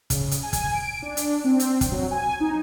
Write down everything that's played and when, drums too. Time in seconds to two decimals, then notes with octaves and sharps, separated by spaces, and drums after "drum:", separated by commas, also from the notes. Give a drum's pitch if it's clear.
0.10 C#3, drum: kick, hi-hat
0.31 drum: hi-hat
0.43 G#5
0.53 drum: kick, hi-hat
0.73 D7
1.02 D4
1.17 drum: hi-hat
1.44 C4
1.60 drum: hi-hat
1.81 drum: kick, hi-hat
1.91 F#3
2.11 G#5
2.40 D#4